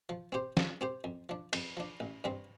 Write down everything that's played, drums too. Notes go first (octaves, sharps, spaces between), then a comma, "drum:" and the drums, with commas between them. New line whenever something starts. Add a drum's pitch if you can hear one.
F3
C4 G4 C5
F3, drum: snare
C4 G4 C5
F2
F3 D4
F2, drum: cymbal
F3 D4
A1
G2 G3 C4